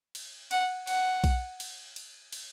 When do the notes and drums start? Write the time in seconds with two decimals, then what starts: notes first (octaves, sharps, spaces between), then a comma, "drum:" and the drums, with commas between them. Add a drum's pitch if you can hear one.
0.15 drum: cymbal
0.51 F#5, drum: cymbal
0.87 F#5, drum: cymbal
1.24 drum: kick B1, cymbal
1.60 drum: cymbal
1.96 drum: cymbal
2.32 drum: cymbal